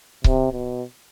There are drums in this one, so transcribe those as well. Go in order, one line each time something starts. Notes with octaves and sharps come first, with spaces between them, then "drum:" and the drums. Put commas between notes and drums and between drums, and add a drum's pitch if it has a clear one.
C3, drum: kick C#1
B2